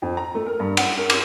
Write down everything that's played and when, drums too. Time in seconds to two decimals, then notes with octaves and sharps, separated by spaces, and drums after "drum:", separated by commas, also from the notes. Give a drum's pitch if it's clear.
0.02 F2
0.17 A#5
0.35 A3
0.46 A#4
0.59 G2
0.77 F#5, drum: cymbal
0.98 A#4
1.10 D6, drum: cymbal